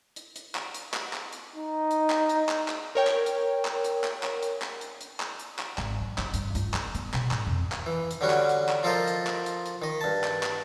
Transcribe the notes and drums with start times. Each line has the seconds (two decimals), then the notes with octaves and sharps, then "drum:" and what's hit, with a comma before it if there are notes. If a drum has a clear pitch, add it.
0.16 drum: hi-hat
0.36 drum: hi-hat
0.55 drum: clap
0.74 drum: hi-hat
0.94 drum: clap
1.13 drum: clap
1.33 drum: hi-hat
1.56 D#4
1.91 drum: hi-hat
2.10 drum: clap
2.29 drum: hi-hat
2.49 drum: clap
2.68 drum: clap
2.95 A#4 C#5 G5
3.07 drum: clap
3.26 drum: hi-hat
3.65 drum: clap
3.84 drum: hi-hat
4.04 drum: clap
4.23 drum: clap
4.43 drum: hi-hat
4.62 drum: clap
4.81 drum: hi-hat
5.01 drum: hi-hat
5.20 drum: clap
5.39 drum: hi-hat
5.59 drum: clap
5.78 G#1, drum: clap
6.01 F#3
6.18 G1, drum: clap
6.34 G2, drum: hi-hat
6.55 F4, drum: hi-hat
6.74 D#3, drum: clap
6.95 B3, drum: hi-hat
7.14 B2, drum: clap
7.31 G#2, drum: clap
7.47 F2
7.72 drum: clap
7.86 E3
8.11 drum: hi-hat
8.21 D3 G3 C#4 F#4
8.30 drum: clap
8.49 drum: hi-hat
8.69 drum: clap
8.83 F3 F4 A4 A#4 C5 D#5
9.07 drum: hi-hat
9.27 drum: clap
9.46 drum: hi-hat
9.66 drum: hi-hat
9.82 D#3 D#5
10.01 G2 A5
10.24 drum: clap
10.43 drum: clap